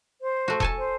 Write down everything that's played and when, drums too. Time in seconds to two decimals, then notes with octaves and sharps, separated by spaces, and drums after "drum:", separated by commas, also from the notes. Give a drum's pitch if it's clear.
0.22 C5
0.48 A3 F#4
0.60 A4 G#5 A5, drum: kick E1
0.78 C5